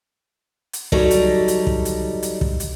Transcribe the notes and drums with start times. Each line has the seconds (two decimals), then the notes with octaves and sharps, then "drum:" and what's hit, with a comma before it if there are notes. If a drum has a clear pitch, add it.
0.73 drum: hi-hat
0.92 F#3 G3 D#4 A4, drum: kick
1.11 drum: hi-hat
1.48 drum: hi-hat
1.67 drum: kick
1.85 drum: hi-hat
2.23 drum: hi-hat
2.41 drum: kick
2.60 drum: hi-hat